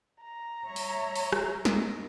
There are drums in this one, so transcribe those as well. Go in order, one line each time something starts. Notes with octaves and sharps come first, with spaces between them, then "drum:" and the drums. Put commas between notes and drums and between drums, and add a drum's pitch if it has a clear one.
A#5
G3 C#5 E5
drum: open hi-hat
drum: open hi-hat
drum: rim click
G#3 A#4, drum: snare